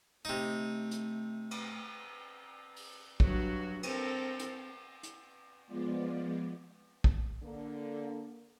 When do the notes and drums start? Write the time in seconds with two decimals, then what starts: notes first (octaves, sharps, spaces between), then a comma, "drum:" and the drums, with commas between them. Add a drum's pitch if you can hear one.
0.25 C3 A3 D#4
0.91 drum: hi-hat
1.51 drum: cymbal
2.76 drum: open hi-hat
3.20 G2 F#3 F#4, drum: kick
3.83 C4 A4 A#4, drum: cymbal
4.39 drum: hi-hat
5.03 drum: hi-hat
5.67 F3 G#3 B3 F4 D5
7.04 drum: kick
7.43 D3 A#3